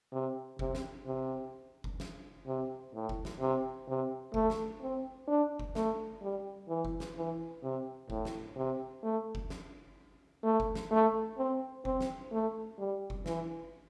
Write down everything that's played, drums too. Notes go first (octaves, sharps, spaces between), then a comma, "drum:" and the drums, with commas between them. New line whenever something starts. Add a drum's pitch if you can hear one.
C3
C3, drum: kick F#1
drum: snare
C3
drum: kick F#1
drum: snare
C3
A2
drum: kick F#1
drum: snare
C3
C3
A3, drum: kick F#1
drum: snare
C4
D4
drum: kick F#1
A3, drum: snare
G3
E3
drum: kick F#1
drum: snare
E3
C3
A2, drum: kick F#1
drum: snare
C3
A3
drum: kick F#1
drum: snare
A3
drum: kick F#1
drum: snare
A3
C4
C4, drum: kick F#1
drum: snare
A3
G3
drum: kick F#1
E3, drum: snare